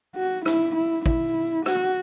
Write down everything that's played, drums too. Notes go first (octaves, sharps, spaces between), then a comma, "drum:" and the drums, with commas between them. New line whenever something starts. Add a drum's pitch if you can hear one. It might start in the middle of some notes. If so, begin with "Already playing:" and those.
F#4
E4, drum: rim click
E4
E4, drum: kick
F#4, drum: rim click